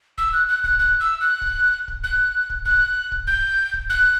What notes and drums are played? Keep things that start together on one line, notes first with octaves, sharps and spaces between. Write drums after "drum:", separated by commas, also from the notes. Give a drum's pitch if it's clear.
E6, drum: kick
F#6
F#6
F#6, drum: kick
F#6, drum: kick
E6
F#6
drum: kick
drum: kick
F#6, drum: kick
drum: kick
F#6, drum: kick
drum: kick
G6, drum: kick
drum: kick
F#6, drum: kick